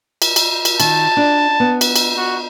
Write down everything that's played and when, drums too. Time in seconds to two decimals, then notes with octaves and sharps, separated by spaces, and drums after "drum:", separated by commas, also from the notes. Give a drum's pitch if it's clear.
0.22 drum: cymbal
0.36 drum: cymbal
0.65 drum: cymbal
0.80 D#3 A5, drum: cymbal
1.17 D4
1.60 B3
1.81 drum: cymbal
1.96 drum: cymbal
2.17 F#4